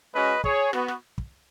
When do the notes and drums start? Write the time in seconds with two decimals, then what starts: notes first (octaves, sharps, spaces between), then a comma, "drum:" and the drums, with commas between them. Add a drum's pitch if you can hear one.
0.14 G#3 C#4 F#4 B4 D#5
0.44 G#4 C#5, drum: kick
0.73 B3 F#4, drum: rim click
0.88 drum: rim click
1.18 drum: kick